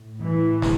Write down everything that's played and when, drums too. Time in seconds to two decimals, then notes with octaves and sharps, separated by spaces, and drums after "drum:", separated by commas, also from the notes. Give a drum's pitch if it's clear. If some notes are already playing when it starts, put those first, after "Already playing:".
Already playing: A2
0.22 E3
0.62 drum: snare